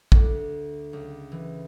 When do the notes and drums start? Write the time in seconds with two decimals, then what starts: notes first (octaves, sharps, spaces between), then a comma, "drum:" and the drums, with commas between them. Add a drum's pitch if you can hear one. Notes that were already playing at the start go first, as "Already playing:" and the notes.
0.12 D2, drum: kick
0.93 C#2
1.32 E3